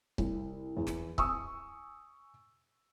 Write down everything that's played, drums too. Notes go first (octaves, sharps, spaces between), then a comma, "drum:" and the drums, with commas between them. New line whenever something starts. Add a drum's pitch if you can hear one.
C2, drum: kick C#1
E2
drum: snare
G#5 C#6 D#6 E6, drum: kick C#1